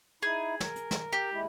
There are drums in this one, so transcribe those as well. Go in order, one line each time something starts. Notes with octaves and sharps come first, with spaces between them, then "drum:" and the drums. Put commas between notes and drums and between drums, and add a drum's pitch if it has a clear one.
D#4 E4 G#4
A#4, drum: snare
drum: hi-hat
drum: snare
G4
D#2 G#3 E4